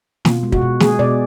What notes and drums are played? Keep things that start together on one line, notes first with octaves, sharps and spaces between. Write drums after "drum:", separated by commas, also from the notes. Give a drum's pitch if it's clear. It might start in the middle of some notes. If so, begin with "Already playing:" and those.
B2 F4, drum: snare
G#3
F#4, drum: kick
B2
G#3 G#4, drum: snare
B2 D5